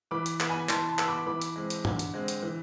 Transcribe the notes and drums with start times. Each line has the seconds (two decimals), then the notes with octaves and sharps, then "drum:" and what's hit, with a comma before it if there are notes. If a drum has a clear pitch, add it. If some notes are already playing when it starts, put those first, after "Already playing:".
0.11 E3 B5 D6
0.26 drum: hi-hat
0.40 B3, drum: clap
0.49 G#5 B5
0.69 E3 A5 C6, drum: clap
0.89 A5 C6
0.99 B3 E6, drum: clap
1.08 B5 D6
1.27 E3 B5 D6
1.41 drum: hi-hat
1.56 G#3 C4
1.70 drum: hi-hat
1.85 D3, drum: tom
1.99 drum: hi-hat
2.14 G#3 C4
2.28 drum: hi-hat
2.43 E3